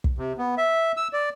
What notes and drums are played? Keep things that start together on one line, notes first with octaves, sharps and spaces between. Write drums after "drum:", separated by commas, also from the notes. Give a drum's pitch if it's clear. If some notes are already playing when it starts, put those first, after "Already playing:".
drum: kick
C3
B3
E5
E6
D5